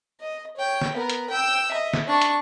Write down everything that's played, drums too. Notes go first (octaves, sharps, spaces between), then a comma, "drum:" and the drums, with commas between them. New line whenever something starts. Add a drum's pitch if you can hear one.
D#5
C#5 G5
drum: snare
B3 A#4
drum: hi-hat
G5 E6
D#5 E5
drum: snare
D4 C#6
drum: hi-hat